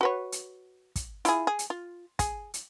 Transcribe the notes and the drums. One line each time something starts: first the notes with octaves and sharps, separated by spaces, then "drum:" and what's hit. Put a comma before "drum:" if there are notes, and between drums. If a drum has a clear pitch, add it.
F#4 B4 C#5
drum: hi-hat
drum: kick, hi-hat
E4 F4 G#4, drum: hi-hat
G#4
drum: hi-hat
F4
G#4, drum: kick, hi-hat
drum: hi-hat